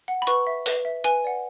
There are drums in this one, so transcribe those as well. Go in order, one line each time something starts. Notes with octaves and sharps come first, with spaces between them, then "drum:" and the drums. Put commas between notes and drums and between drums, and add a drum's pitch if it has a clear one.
F#5
B5
B4 C#6, drum: hi-hat
E5
B4, drum: open hi-hat
E5
B4 G#5, drum: hi-hat
D5 F#5